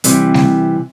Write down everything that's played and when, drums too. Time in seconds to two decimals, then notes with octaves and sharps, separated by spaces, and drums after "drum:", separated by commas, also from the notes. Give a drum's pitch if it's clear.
0.04 C3 E3 G3 C4, drum: hi-hat
0.34 drum: snare G3